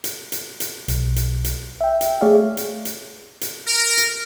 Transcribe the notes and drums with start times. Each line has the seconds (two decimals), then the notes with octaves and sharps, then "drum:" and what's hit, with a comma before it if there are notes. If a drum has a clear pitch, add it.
0.04 drum: hi-hat
0.32 drum: hi-hat
0.60 drum: hi-hat
0.88 B1, drum: hi-hat
1.16 drum: hi-hat
1.44 drum: hi-hat
1.81 E5 G5
2.01 drum: hi-hat
2.21 A3 G#4 C#5 D5 E5 F5
2.57 drum: hi-hat
2.85 drum: hi-hat
3.41 drum: hi-hat
3.66 A#4
3.98 drum: hi-hat